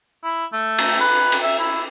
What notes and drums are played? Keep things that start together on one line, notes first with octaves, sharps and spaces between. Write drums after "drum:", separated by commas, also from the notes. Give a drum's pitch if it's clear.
E4
A3
drum: cymbal
B4
drum: cymbal
E5
E4